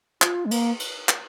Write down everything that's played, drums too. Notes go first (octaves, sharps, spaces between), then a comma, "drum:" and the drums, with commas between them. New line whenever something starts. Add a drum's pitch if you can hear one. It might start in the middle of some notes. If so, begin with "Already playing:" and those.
F4, drum: clap
G#3
A#3, drum: cymbal
drum: cymbal
drum: clap